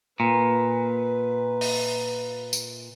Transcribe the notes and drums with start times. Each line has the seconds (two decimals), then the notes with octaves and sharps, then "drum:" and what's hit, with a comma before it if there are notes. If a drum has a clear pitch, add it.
0.20 A#2 B4
1.61 drum: open hi-hat
2.53 drum: tambourine